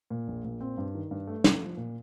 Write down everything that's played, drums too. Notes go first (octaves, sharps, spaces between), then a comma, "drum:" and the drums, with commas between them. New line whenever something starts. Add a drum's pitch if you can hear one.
A#2
A#1
A#2
C4
G2
D#3
G2
A3
A3, drum: snare
F3
A#2